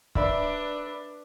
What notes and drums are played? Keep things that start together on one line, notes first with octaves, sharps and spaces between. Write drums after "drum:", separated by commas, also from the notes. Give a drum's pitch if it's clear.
D4 B4 D5 E5 B5, drum: kick